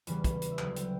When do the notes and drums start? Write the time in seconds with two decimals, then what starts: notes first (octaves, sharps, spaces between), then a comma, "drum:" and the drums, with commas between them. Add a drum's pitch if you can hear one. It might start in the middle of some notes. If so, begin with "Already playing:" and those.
0.07 E2 C#3 E3 G3 B4, drum: hi-hat
0.24 drum: kick, hi-hat
0.42 drum: hi-hat
0.52 E5
0.59 D2 D3 F#3 F#5, drum: clap
0.76 G5, drum: hi-hat